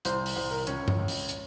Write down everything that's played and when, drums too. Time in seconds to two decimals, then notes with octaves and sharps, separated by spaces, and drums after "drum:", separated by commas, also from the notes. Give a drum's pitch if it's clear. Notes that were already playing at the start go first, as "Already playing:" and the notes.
0.05 C2 C5, drum: hi-hat
0.26 drum: open hi-hat
0.36 C2 C5
0.51 A#4
0.67 C#2 C#4 C#5, drum: hi-hat
0.88 drum: tom G2
0.98 C#2
1.08 drum: open hi-hat
1.29 drum: hi-hat